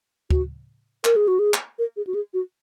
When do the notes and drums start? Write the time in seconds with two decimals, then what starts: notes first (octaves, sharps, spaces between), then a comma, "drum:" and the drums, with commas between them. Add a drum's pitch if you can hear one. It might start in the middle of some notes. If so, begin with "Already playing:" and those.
0.30 F#4, drum: kick D2
1.04 A#4, drum: clap
1.16 G#4
1.28 F#4
1.39 G#4
1.54 drum: clap
1.79 A#4
1.97 G#4
2.07 F#4
2.14 G#4
2.34 F#4